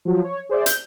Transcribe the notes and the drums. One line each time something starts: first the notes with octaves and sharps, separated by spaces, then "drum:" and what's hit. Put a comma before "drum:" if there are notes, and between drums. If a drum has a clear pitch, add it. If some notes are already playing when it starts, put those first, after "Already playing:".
F3 F#3
C#5
G#4 C5 D5 E5
G6, drum: hi-hat